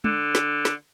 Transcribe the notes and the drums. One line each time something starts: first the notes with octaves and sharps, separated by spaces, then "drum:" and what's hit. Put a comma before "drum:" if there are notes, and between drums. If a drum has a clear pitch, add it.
D3, drum: tom
drum: snare
drum: snare